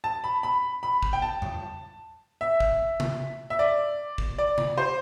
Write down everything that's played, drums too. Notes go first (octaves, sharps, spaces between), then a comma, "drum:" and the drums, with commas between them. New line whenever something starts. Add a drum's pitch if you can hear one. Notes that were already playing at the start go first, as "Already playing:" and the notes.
A5
B5
B5
B5
drum: kick
G5
A5
drum: tom E2
E5
drum: kick
drum: tom C3
E5
D5
drum: kick
D5
drum: tom C3
C5